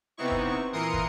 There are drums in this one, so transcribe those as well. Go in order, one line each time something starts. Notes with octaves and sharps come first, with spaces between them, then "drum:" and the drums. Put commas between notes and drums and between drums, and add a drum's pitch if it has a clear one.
C3 B3 C4 D#4 E4 C#6
drum: kick
A#2 E3 A#4 C6 D#6 C#7
drum: kick